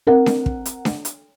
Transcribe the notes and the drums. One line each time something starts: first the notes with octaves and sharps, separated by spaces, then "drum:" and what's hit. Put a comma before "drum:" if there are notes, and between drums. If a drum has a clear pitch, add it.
C4 A#4 F#5
drum: snare D4
drum: kick
drum: hi-hat
drum: snare D4
drum: hi-hat